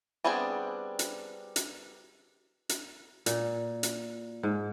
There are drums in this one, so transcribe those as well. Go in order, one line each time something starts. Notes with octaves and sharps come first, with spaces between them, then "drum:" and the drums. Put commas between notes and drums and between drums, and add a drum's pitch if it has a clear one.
G3 B3 C4 D4 G#4
drum: hi-hat
drum: hi-hat
drum: hi-hat
A#2, drum: hi-hat
drum: hi-hat
G#2